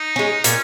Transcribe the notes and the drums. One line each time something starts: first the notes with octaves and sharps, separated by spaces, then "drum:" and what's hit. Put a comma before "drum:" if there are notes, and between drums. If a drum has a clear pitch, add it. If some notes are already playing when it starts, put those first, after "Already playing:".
Already playing: D#4
G#3 C#4
A#2 C#4, drum: hi-hat